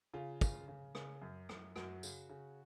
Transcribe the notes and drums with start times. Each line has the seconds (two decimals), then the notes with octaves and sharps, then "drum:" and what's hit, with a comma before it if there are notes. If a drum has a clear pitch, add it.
0.14 C#3 F4
0.41 C#3, drum: kick, tambourine
0.68 C#3
0.95 C#3, drum: rim click
1.22 F#2
1.49 F#2, drum: rim click
1.76 F#2 F#4, drum: rim click
2.03 C#3, drum: tambourine
2.30 C#3